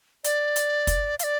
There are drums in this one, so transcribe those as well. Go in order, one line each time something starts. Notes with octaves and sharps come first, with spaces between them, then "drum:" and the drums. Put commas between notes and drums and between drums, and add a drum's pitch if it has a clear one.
D5, drum: hi-hat
drum: hi-hat
drum: kick, hi-hat
F5, drum: hi-hat
D5